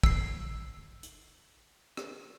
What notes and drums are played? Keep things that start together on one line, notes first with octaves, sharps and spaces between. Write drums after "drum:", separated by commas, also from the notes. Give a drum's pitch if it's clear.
E6 C7, drum: kick
drum: hi-hat
drum: rim click